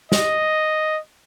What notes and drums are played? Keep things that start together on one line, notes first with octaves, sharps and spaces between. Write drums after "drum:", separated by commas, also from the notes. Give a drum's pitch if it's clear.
D#5, drum: snare